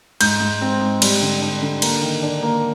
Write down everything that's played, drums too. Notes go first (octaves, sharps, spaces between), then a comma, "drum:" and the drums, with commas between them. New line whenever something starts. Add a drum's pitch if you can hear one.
G#2 G6, drum: cymbal
G#2
C4
G#2
G3, drum: cymbal
D3
D4
D3
A#3, drum: cymbal
D#3
D4
A#3